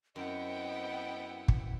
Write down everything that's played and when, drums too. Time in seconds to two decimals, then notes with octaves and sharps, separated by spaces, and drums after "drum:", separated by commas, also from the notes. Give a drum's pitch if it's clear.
0.16 F#2 B3 C4 E4 D#5 F#5 G5
1.48 drum: kick